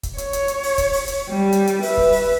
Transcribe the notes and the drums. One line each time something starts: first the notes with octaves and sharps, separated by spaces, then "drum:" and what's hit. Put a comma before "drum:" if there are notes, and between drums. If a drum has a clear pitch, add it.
drum: kick, hi-hat
C#5, drum: hi-hat
drum: hi-hat
drum: hi-hat
drum: open hi-hat
drum: kick, hi-hat
drum: open hi-hat
drum: hi-hat
G3
drum: hi-hat
drum: hi-hat
B4 E5, drum: open hi-hat
drum: kick
drum: open hi-hat